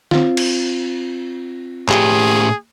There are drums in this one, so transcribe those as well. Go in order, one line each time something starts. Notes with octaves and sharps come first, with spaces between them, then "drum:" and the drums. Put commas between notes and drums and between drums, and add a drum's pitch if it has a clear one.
C4 F4, drum: snare
drum: cymbal
A2 G4 G#4, drum: clap